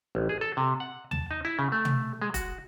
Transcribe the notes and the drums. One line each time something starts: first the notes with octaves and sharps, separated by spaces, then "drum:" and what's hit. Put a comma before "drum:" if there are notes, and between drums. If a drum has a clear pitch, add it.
A1
G#4
A4
C3
F#5
A5, drum: tom
D#4
E4
C#3
A3
drum: tom
G#3
F#4, drum: kick E1, hi-hat